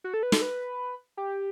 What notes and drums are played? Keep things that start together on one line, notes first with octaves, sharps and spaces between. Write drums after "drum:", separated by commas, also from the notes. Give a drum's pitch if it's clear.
F#4
A4
B4
A4, drum: snare
B4
G4